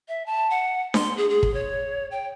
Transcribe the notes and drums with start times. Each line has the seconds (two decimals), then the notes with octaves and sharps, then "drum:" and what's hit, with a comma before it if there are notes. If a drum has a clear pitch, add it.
0.08 E5
0.26 A5
0.50 F#5
0.94 C6, drum: snare D4
1.17 G#4
1.29 G#4
1.43 drum: kick
1.54 C#5
2.11 G5